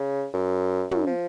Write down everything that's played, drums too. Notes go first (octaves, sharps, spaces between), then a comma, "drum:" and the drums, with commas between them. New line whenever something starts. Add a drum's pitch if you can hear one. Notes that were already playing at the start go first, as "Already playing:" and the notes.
Already playing: C#3
F#2
F#2, drum: tom
F3